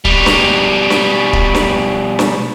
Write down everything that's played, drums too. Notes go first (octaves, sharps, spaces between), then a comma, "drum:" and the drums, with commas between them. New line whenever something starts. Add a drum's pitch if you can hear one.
B2 G3, drum: kick
drum: snare
drum: snare
drum: kick
drum: snare
drum: snare